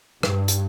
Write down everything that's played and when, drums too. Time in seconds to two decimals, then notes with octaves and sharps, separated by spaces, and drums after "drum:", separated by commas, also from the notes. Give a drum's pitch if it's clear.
0.23 G2, drum: rim click
0.48 drum: hi-hat